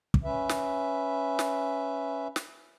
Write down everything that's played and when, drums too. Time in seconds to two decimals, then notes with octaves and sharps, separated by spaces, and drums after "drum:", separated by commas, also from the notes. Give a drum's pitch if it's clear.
0.14 drum: kick
0.24 C#4 B4 E5
0.49 drum: snare
1.39 drum: snare
2.36 drum: snare